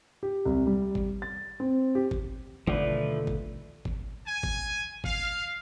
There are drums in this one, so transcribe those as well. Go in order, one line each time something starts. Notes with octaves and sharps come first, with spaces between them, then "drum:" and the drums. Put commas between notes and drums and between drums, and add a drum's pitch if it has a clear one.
G4
C2
G3
drum: kick
A6
C4
G4
drum: kick
D#2 B2 D3 D#3 F3 A3 B4, drum: kick
drum: kick
drum: kick
G#5
drum: kick
F5, drum: kick